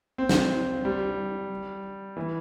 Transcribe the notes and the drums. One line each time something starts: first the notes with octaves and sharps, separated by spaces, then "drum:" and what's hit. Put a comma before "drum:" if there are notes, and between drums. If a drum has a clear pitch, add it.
C4
drum: snare
G3
E3